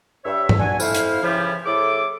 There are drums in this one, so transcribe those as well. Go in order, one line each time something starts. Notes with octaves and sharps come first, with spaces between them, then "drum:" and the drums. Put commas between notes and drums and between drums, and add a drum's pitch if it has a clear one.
G2 C#5 E5
drum: tom G2
D4 F#4 F#5 G#5
F2 A3 E4 C5 F5, drum: tambourine
drum: hi-hat
C#3 E3 F3 E4 F4 G4
A2 E4 G#4 A4 D6